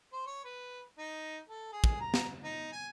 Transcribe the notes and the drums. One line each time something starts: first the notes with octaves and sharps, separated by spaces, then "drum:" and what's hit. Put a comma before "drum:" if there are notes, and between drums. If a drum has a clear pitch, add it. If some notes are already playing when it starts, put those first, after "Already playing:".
C5
C#5
B4
D#4
A4
G#4
drum: kick
A#5
drum: snare
D#4
G#5